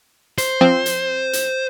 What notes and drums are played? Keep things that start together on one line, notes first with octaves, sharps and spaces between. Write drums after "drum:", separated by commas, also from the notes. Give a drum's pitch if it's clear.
C5, drum: hi-hat
F3 C4
drum: hi-hat
drum: hi-hat